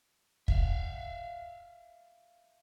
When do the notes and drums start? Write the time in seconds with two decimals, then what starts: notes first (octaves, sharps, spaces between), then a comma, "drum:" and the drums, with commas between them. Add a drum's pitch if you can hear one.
0.48 E5 F5, drum: kick